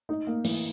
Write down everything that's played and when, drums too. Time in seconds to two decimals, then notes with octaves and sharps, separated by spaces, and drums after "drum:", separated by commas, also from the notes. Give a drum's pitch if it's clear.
0.09 D#4
0.27 A#3
0.44 E3, drum: open hi-hat